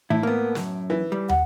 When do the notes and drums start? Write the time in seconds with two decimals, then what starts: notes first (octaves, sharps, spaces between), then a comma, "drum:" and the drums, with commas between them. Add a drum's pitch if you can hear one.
0.10 A2 E4
0.23 A#3 B3
0.55 F#2, drum: snare
0.90 E3
1.12 G3
1.29 F#5, drum: tom